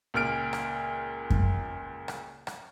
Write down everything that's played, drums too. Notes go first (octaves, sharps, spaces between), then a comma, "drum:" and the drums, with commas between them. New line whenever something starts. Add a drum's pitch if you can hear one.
C#2 A#2 F6 D7
drum: rim click
drum: kick F#2
drum: rim click
drum: rim click